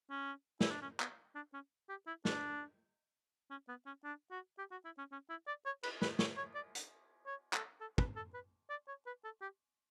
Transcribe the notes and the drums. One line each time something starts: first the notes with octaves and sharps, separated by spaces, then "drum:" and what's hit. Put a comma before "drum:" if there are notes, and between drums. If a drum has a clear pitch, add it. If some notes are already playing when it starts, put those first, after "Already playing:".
C#4
E4, drum: snare
D4
C#4
B3, drum: clap
D4
C#4
G4
E4
D4, drum: snare
C#4
B3
C#4
D4
F#4
G4
F#4
E4
C#4
C#4
E4
D5
C#5
B4, drum: cymbal
B4, drum: snare
C#5, drum: snare
C#5
D5
drum: hi-hat
C#5
A4, drum: clap
A4
B4, drum: kick
A4
B4
D5
C#5
B4
A4
G4